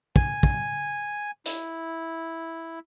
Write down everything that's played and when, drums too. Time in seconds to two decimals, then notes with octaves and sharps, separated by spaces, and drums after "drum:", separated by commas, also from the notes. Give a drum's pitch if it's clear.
0.16 G#5, drum: kick
0.43 drum: kick
1.46 E4, drum: hi-hat